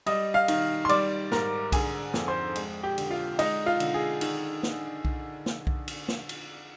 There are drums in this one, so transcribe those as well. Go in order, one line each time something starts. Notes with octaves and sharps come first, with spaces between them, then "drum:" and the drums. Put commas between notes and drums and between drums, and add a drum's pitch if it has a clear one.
G3 D#5 D#6, drum: cymbal
F5 F6
D#3, drum: cymbal
C6
G3 D5 D6, drum: cymbal
G#2 A#4 A#5, drum: snare
D3 G#4 G#5, drum: kick B1, cymbal
F2, drum: snare
C5 C6
G#3, drum: cymbal
G4 G5
D3, drum: cymbal
F4 F5
G#3 D#4 D#5, drum: cymbal
F4 F5
D3, drum: cymbal
G#4
D#3, drum: cymbal
drum: snare
drum: kick B1
drum: snare
drum: kick B1
drum: cymbal
drum: snare
drum: cymbal